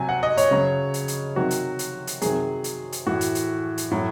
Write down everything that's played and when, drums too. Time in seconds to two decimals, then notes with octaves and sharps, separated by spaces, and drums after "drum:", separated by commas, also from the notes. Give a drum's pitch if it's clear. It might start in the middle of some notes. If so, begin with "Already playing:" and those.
Already playing: C3 F#3 G#5
0.09 F#5
0.23 D#5
0.37 C#5, drum: hi-hat
0.51 C#3 F#3
0.94 drum: hi-hat
1.08 drum: hi-hat
1.36 C3 D#3 F#3 F#4
1.51 drum: hi-hat
1.79 drum: hi-hat
2.07 drum: hi-hat
2.22 C3 D#3 F#3 G#4, drum: hi-hat
2.64 drum: hi-hat
2.92 drum: hi-hat
3.07 A2 E3 F#4
3.21 drum: hi-hat
3.35 drum: hi-hat
3.78 drum: hi-hat
3.91 A2 F#3